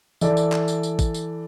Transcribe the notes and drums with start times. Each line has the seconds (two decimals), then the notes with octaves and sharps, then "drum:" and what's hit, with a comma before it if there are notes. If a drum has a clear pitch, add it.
0.21 E3 A4 D5, drum: tambourine
0.37 drum: tambourine
0.52 drum: clap
0.68 drum: tambourine
0.83 drum: tambourine
0.99 drum: kick, tambourine
1.14 drum: tambourine